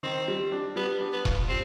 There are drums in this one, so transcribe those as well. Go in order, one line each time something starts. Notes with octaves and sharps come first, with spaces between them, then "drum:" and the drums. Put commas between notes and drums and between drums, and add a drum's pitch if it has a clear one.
D#3 C4
G3
D4
G3 B3
D4
B3
F4, drum: kick E1
G3 C4